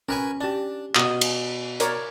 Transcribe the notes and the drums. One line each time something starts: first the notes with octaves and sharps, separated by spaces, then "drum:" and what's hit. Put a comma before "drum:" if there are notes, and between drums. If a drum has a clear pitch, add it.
C#4 A#4 B4 G#5
D4 G4 A5
B2 D#6, drum: clap
drum: cymbal
A#4 C#5 D5, drum: hi-hat